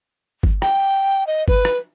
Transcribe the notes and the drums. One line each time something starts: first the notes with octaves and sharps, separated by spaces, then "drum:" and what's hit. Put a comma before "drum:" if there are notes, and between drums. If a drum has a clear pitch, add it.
drum: kick G1
G5, drum: rim click
D#5
B4, drum: kick G1
drum: rim click